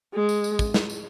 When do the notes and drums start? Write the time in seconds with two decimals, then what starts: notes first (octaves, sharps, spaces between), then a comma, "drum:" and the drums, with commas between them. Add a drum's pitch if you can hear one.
0.14 G#3
0.29 drum: tambourine
0.44 drum: tambourine
0.59 drum: kick, tambourine
0.74 drum: snare
0.90 drum: tambourine